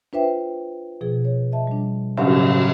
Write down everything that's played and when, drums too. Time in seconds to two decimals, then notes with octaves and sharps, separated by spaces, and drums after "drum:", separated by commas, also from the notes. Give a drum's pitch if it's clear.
0.13 D4 F4 B4 C5 E5 G5
1.01 B2 F3 G#4
1.25 C#5
1.52 D#5 E5 A5
1.67 G3 D4
2.17 A2 C#3 F#3 C#4 D4 G4, drum: cymbal